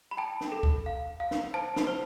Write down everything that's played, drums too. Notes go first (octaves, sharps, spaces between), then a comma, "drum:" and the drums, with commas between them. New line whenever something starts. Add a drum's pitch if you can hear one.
B5
G5 A5
drum: snare
A4
drum: kick D2
F5
F5
drum: snare
C5 A5
drum: snare
C5